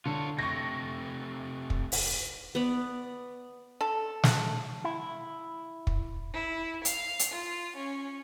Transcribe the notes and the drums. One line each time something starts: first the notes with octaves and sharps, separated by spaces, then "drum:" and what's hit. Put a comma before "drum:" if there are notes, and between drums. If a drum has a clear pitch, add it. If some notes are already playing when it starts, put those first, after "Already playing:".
D3 F4 C#5
C3 A3 C#6 A#6
drum: kick
drum: open hi-hat
B3 D5
A4
drum: snare
E4
drum: kick
E4
F5, drum: hi-hat
drum: hi-hat
F4
C#4